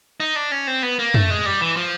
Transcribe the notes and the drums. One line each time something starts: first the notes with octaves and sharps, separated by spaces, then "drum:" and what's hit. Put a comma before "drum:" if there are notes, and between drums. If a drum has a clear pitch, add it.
D#4
D4
C#4
C4
B3
A#3
A3, drum: tom
G#3
G3
E3
F3